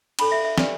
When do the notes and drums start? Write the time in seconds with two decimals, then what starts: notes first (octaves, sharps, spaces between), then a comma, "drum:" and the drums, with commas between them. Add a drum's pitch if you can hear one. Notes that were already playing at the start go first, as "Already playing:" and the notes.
0.19 D4 A4 C#5 B5, drum: cymbal
0.32 E5
0.45 E5
0.58 D4 G4 B4 D5, drum: snare